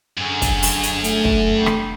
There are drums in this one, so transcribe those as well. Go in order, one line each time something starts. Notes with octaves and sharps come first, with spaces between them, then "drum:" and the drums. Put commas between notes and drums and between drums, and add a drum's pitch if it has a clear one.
F#2 D3 F#3 G#4
drum: kick, hi-hat
drum: open hi-hat
drum: hi-hat
A3, drum: hi-hat
drum: kick
D3 G3
drum: rim click